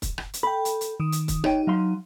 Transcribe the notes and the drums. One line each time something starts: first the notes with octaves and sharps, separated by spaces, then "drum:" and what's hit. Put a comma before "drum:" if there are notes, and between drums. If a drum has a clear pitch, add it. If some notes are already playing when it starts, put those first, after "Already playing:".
drum: kick, hi-hat
drum: rim click
drum: hi-hat
A4 G5 B5
drum: hi-hat
drum: hi-hat
D#3 D#6
drum: hi-hat
drum: kick, hi-hat
D#4 G4 C#5 G5, drum: rim click
F#3 F5 C6